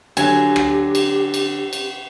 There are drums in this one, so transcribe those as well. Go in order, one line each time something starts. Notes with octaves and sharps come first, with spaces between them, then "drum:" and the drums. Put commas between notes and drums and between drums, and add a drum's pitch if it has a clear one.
D3 F#3 G4 G#5, drum: cymbal
drum: rim click
drum: cymbal
drum: cymbal
drum: cymbal